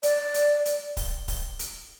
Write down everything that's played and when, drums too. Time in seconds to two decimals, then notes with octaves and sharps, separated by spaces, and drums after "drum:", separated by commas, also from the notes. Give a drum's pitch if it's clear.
0.03 D5, drum: hi-hat
0.34 drum: hi-hat
0.65 drum: hi-hat
0.97 drum: kick D1, open hi-hat
1.28 drum: kick D1, open hi-hat
1.59 drum: hi-hat